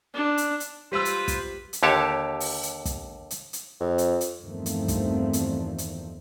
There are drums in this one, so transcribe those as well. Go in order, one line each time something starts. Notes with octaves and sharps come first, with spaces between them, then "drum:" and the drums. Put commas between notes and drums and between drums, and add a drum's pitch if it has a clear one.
D4
drum: hi-hat
drum: hi-hat
G3 F4 B4 C5 C6 E6
drum: hi-hat
drum: kick, hi-hat
drum: hi-hat
D#2 D3 G4 C#5 A5
drum: open hi-hat
drum: hi-hat
drum: kick, hi-hat
drum: hi-hat
drum: hi-hat
F2
drum: hi-hat
drum: hi-hat
E2 G2 D#3 F3 A3 C4
drum: hi-hat
drum: kick, hi-hat
drum: hi-hat
drum: hi-hat